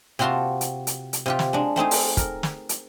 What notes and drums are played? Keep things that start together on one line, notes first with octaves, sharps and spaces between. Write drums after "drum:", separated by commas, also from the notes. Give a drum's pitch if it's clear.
C3 C4 F4 F#4 A5 C6
drum: hi-hat
drum: hi-hat
drum: hi-hat
C3 F4 G4
drum: snare
G#3 D4
A3 C4 D#4 G#4
drum: open hi-hat
A#4, drum: kick, hi-hat
drum: snare
drum: hi-hat